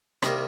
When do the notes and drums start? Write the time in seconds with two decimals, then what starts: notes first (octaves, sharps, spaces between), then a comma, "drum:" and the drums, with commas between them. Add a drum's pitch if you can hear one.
0.22 C2 C3 D#3 G3 A#3, drum: rim click